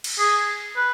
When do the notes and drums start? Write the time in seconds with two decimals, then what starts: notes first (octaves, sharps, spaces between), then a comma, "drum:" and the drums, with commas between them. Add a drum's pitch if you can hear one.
0.04 drum: cymbal
0.19 G#4
0.77 B4